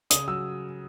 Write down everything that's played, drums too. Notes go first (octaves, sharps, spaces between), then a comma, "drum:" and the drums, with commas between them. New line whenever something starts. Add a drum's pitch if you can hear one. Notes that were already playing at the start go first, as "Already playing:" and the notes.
C#3 D#6, drum: hi-hat
F#3 E6